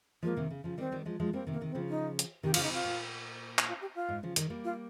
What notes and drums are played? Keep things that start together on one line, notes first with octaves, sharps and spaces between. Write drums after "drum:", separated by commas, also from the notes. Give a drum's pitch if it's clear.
F3 G#3 A#3
C3 D#3
C#3
C#3 F3
D#3 G3 C4
D#3 G3
F3 G#3
F3 G#3
G3 A#3 C4
C3 D#3
A#3
C3 D#3
C4
C#3 F3
D#4
drum: hi-hat
C3 D#3 G4
C#3 F4, drum: cymbal
D#4
C3 F4
A#2
drum: clap
F4
G4
F4
G#2
C#3 F3
D#3 G3, drum: hi-hat
G3 A#3
F4